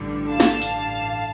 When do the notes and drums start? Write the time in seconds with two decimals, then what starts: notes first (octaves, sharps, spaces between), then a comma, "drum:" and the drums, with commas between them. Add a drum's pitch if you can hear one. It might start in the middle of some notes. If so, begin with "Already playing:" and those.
Already playing: A1 G2 D3 G3
0.28 F5 A5
0.40 drum: snare
0.62 drum: hi-hat